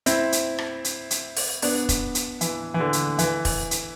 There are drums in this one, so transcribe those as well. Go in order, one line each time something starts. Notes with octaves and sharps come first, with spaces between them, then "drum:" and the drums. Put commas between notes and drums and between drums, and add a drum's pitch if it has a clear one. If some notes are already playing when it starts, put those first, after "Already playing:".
C4 E4, drum: hi-hat
drum: hi-hat
drum: rim click
drum: hi-hat
drum: hi-hat
drum: open hi-hat
B3 D4, drum: open hi-hat
drum: kick F1, hi-hat
drum: hi-hat
E3, drum: hi-hat
E3
D3
drum: hi-hat
E3, drum: hi-hat
drum: kick F1, open hi-hat
drum: hi-hat